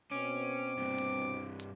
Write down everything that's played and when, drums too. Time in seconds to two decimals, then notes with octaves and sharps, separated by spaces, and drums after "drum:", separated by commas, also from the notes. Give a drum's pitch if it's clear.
0.12 B2 C4 C#4 D6
0.78 G2 C3
0.98 drum: open hi-hat
1.60 drum: hi-hat